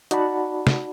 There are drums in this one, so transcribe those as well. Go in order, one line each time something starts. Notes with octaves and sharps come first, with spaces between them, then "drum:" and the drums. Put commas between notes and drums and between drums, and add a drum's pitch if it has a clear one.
D#4 F#4 D5 F#5 A5 B5, drum: hi-hat
drum: snare